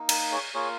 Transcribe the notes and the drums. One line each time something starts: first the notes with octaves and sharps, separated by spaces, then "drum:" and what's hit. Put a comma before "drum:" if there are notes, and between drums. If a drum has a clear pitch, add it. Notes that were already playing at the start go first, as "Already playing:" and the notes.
Already playing: A#3 D#4
A#4, drum: cymbal
G#4 C#5
A#3 F4 G#4 C#5